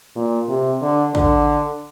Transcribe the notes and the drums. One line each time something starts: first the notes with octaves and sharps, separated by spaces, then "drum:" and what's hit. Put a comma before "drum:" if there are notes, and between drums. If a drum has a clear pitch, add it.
A#2
C3
D3
D3, drum: kick